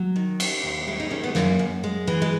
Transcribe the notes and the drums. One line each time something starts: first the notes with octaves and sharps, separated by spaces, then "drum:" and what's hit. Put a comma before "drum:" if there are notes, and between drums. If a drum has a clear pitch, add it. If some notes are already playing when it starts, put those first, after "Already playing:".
Already playing: F#3
D#3
D#2, drum: cymbal
D#2
G#3 E4
D#4
D#3 C#4
B3
F#2 A#3, drum: snare
F#2
G#3
E3
G#3